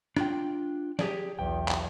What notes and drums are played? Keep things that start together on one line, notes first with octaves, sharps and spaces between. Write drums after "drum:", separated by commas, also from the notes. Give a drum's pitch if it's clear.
D4 F4 G5, drum: rim click
G4 G#4 D5, drum: snare
B1 E2 G5
drum: clap